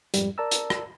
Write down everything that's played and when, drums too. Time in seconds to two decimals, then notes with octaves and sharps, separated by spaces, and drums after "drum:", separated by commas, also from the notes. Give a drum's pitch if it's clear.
0.14 F2 G#2 G3, drum: hi-hat
0.38 A#4 D5 A5 A#5 E6
0.51 drum: hi-hat
0.70 drum: rim click